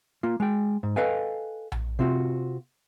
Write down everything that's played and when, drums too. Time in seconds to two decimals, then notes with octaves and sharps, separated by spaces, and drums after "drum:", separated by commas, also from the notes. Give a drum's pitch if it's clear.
0.23 A#3 F4
0.40 G#3 G5
0.83 G#2
0.96 A4 B4 D#5 F5 G5 G#5
1.72 drum: tom A#1
1.99 C3 C4 F4 F#4